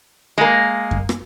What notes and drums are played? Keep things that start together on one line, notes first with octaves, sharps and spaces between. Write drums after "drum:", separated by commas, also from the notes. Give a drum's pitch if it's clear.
G#3 A#3
drum: kick F#2
drum: rim click